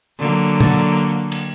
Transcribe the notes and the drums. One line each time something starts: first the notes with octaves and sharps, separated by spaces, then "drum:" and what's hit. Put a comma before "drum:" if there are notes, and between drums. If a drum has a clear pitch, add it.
D3 F#3 A#3
drum: tom
drum: cymbal